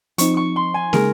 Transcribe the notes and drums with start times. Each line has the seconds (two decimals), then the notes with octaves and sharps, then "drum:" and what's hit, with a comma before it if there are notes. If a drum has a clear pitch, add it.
0.18 F3 C4 D#4 C#6, drum: hi-hat
0.37 C#6
0.56 C6
0.74 G#5
0.93 C#3 G#3 D#4 G#4 A#4, drum: snare